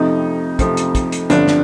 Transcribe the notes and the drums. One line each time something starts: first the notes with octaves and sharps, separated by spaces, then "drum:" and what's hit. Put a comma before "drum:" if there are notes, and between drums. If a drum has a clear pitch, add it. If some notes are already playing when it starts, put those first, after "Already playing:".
Already playing: F2 C3 F3 A3 D#4
F2 C3 F3 A3, drum: kick, hi-hat
drum: hi-hat
drum: kick, hi-hat
drum: hi-hat
G1 F2 D3 F3 D4, drum: hi-hat
drum: snare